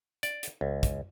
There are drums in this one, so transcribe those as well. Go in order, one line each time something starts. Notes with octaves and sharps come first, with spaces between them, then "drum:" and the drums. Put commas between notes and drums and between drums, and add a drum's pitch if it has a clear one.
D5, drum: hi-hat
drum: hi-hat
C#2
drum: kick, hi-hat